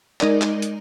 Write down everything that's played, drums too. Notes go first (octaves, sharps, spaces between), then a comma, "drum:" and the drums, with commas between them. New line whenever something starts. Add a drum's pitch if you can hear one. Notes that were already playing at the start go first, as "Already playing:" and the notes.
G#3 D#4 A#4 D5 D#5, drum: clap
drum: clap
drum: hi-hat